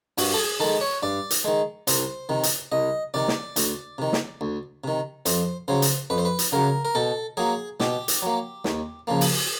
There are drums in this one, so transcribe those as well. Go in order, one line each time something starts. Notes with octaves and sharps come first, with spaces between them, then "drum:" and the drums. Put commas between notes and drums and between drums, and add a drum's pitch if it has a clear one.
G2 F#4, drum: open hi-hat
A4
G#4
D#3 G#3 A4
C#5
G2 D5
drum: hi-hat
D#3 G#3
C2 C5, drum: hi-hat
C3 D#3
drum: hi-hat
C2 D#5
C3 D#3 D5
drum: snare
D2, drum: hi-hat
C3 D#3
drum: snare
D2
C3 D#3
F2 C5, drum: hi-hat
C#3 F#3 C5
drum: hi-hat
F2 B4
C5
B4
drum: hi-hat
C#3 F#3 A#4
A#4
B2 A4
F#3 A#3 G#4
B2 G4, drum: snare
drum: hi-hat
F#3 A#3
D#2, drum: snare
C#3 F3 A#3
drum: open hi-hat